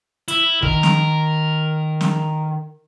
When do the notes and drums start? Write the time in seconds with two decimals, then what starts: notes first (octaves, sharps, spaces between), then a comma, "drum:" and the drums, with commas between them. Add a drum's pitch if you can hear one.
0.28 E4, drum: hi-hat
0.63 D#3 A#4, drum: kick
0.83 drum: snare
2.01 drum: snare